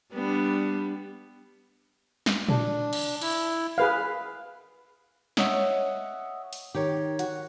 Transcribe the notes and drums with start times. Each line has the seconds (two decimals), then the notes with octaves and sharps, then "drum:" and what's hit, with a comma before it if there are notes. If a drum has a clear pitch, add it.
0.13 G3 B3 D4
2.26 drum: snare
2.49 D4, drum: tom A#2
2.93 drum: cymbal
3.22 E4, drum: cymbal
3.78 G#4 B4 F5
5.37 C#5 D#5 E5 F#5, drum: snare
6.53 drum: open hi-hat
6.75 D#3 G4 C#5
7.19 F#4, drum: hi-hat